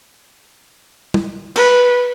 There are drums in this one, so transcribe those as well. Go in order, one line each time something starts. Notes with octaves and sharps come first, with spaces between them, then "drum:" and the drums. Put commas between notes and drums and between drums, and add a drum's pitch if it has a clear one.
drum: tom
B4, drum: cymbal